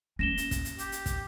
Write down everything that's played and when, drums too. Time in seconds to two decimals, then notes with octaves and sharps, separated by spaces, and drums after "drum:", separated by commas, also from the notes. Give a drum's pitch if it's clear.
0.19 A#3 C#4 A#6 E7 G7
0.38 drum: hi-hat
0.51 drum: kick, hi-hat
0.65 drum: hi-hat
0.78 G4, drum: hi-hat
0.92 drum: hi-hat
1.06 drum: kick, hi-hat